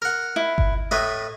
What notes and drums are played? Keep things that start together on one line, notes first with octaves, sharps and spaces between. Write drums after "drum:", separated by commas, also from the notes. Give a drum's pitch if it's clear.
A#4 F#5
E4
drum: kick G1
A2 B4 D#5 E5